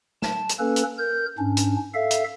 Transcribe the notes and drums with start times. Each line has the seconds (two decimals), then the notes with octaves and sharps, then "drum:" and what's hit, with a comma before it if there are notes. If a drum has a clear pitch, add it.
0.22 A5, drum: snare
0.49 drum: hi-hat
0.59 A#3 C#4 A4 B4
0.76 drum: hi-hat
0.98 A#4 G6
1.38 G#2 C#4 D4
1.57 drum: hi-hat
1.94 A4 E5 F5
2.11 drum: hi-hat